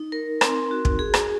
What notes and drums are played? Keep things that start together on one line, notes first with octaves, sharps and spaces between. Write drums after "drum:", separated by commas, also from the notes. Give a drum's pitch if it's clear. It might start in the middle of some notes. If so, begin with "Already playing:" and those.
Already playing: D#4
A#4
C4, drum: rim click
F#4
drum: kick
G#4
drum: rim click